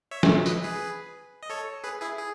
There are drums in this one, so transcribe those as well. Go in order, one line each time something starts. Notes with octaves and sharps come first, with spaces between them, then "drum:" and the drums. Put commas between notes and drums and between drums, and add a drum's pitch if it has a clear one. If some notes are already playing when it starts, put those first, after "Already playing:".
C#5 E5
drum: snare
B4 D#5, drum: tambourine
G#4 B4
D#5
A4 C#5
G#4 B4
E4 G#4
G#4